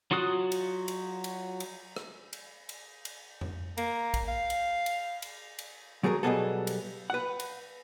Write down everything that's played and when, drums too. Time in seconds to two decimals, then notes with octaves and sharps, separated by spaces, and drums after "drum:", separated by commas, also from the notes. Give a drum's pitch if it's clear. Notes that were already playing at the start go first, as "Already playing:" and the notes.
0.11 F#3 F4 F#4 D#6 F#6
0.52 drum: cymbal
0.88 drum: cymbal
1.24 drum: cymbal
1.60 drum: cymbal
1.96 drum: rim click
2.33 drum: cymbal
2.69 drum: cymbal
3.05 drum: cymbal
3.41 drum: tom F2
3.78 A#3, drum: cymbal
4.14 drum: kick, cymbal
4.28 F5
4.50 drum: cymbal
4.86 drum: cymbal
5.22 drum: cymbal
5.59 drum: cymbal
6.03 F#3 A3 F#4 G#4 A#4
6.23 B2 F#3 G3 B3 G#4 A4
6.67 drum: cymbal
7.10 B4 F#5
7.40 drum: cymbal